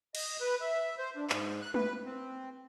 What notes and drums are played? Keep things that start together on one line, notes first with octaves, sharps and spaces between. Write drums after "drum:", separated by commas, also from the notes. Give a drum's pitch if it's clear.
D#5, drum: cymbal
B4
E5
C5
D4
G#2, drum: clap
F#6
B4, drum: tom G#3
C4